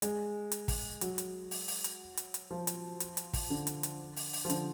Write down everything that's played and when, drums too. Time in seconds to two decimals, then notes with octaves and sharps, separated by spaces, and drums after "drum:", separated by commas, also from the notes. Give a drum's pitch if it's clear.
0.02 G#3, drum: hi-hat
0.52 drum: hi-hat
0.68 drum: kick, open hi-hat
1.01 F#3, drum: hi-hat
1.18 drum: hi-hat
1.51 drum: open hi-hat
1.68 drum: open hi-hat
1.84 drum: hi-hat
2.17 drum: hi-hat
2.34 drum: hi-hat
2.51 F3
2.67 drum: hi-hat
3.00 drum: hi-hat
3.17 drum: hi-hat
3.33 drum: kick, open hi-hat
3.50 D3
3.67 drum: hi-hat
3.83 drum: hi-hat
4.16 drum: open hi-hat
4.33 drum: open hi-hat
4.45 F3
4.50 D3, drum: hi-hat